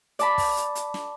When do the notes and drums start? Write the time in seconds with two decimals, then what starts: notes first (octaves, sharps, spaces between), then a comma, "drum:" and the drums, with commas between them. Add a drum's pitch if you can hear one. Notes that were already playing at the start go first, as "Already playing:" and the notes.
0.19 D5 A5 B5, drum: hi-hat
0.38 drum: kick, open hi-hat
0.57 drum: hi-hat
0.75 drum: hi-hat
0.94 drum: snare